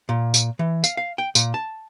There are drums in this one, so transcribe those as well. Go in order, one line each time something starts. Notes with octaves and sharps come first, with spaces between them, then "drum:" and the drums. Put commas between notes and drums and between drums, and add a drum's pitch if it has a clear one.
A#2
drum: tambourine
E3
F5, drum: tambourine
F5
G5
A#2, drum: tambourine
A5